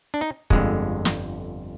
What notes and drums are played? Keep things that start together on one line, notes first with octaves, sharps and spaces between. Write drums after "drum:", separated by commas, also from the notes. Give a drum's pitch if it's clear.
D4
D#4
G1 F2 D3 G#3, drum: kick
drum: snare